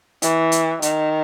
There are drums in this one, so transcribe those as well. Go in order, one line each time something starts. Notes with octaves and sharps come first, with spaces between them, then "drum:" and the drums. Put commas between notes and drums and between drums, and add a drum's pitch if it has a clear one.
E3, drum: hi-hat
drum: hi-hat
D#3, drum: hi-hat